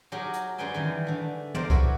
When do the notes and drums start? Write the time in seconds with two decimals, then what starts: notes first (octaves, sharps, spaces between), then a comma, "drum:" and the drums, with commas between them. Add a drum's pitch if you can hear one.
0.12 F#3 D#4 G4 G#4 A#4
0.33 drum: hi-hat
0.58 F#2 G3 G#4 B4 G5 G#5
0.74 D#3 E3
1.07 D3 A3
1.54 A#4 C5 D5, drum: tom
1.70 E4 F#4 B4, drum: kick C2